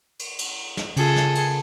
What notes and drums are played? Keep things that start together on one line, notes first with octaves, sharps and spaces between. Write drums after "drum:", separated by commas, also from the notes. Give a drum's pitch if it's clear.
drum: cymbal
drum: cymbal
drum: snare
C#3 F4 G#4 A4, drum: cymbal
drum: snare
drum: cymbal